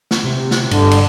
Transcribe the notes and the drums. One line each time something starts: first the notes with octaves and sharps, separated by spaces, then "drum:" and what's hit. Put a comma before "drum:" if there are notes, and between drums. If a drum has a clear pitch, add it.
drum: snare
C3
drum: snare
G2 D3, drum: cymbal
drum: cymbal